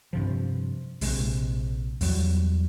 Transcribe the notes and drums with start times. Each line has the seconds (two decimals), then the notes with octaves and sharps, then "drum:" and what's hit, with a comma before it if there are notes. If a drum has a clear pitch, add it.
0.13 G2 C3 F3
1.01 A#1 C3 G#3, drum: open hi-hat
2.01 E2 F#3 G3, drum: open hi-hat